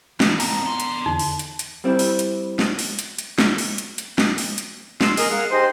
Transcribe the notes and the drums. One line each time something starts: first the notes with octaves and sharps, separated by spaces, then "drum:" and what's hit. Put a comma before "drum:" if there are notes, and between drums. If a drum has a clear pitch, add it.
F2 A2 E3, drum: snare
B3 A#5, drum: open hi-hat
D3 C6
drum: hi-hat
E2 D3 D#4
drum: open hi-hat
drum: hi-hat
drum: hi-hat
G3 C4 E4
drum: open hi-hat
drum: hi-hat
drum: snare
drum: open hi-hat
drum: hi-hat
drum: hi-hat
drum: snare
drum: open hi-hat
drum: hi-hat
drum: hi-hat
drum: snare
drum: open hi-hat
drum: hi-hat
C6 E6, drum: snare
G#4 A#4 D#5 F6, drum: open hi-hat
G#4 F5 F#5
D#4 G4 G#4 C5 C6